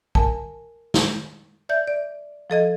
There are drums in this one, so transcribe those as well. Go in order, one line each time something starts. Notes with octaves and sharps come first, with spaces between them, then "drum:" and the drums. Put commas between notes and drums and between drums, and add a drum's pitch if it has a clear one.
A#4 G#5 A5, drum: kick B1
drum: snare
D5 E5 G6
D5
F3 A4 D#5 G#6